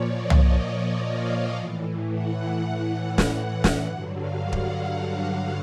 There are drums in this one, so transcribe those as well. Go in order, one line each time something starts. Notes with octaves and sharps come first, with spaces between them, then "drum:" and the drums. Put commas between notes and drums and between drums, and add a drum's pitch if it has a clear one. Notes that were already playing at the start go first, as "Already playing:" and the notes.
Already playing: A#2 F3 C#5 D5
D#5
drum: tom C2
D5
D#5
F5
A2 E3
F#5
drum: snare
drum: snare
G2 D3 F#3 F#5
F5
F#5
drum: kick